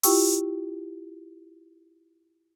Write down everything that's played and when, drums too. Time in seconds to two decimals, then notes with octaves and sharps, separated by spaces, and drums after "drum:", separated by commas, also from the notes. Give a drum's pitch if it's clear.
0.03 E4 F4 G4 G5 C#6 E6, drum: open hi-hat